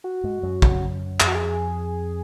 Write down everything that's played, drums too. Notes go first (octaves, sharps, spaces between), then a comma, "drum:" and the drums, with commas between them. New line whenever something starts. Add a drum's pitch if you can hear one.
F#4
G#2 G#3
F#2 F#3
drum: kick
F2 F3 G#4, drum: clap
F#4
G#4